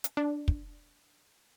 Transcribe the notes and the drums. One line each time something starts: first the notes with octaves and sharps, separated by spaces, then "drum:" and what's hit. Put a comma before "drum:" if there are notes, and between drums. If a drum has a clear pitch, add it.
drum: hi-hat
D4
drum: kick